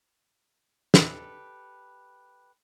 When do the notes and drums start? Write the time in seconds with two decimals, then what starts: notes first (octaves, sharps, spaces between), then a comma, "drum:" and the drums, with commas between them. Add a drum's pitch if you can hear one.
0.94 G4 A4 B4, drum: snare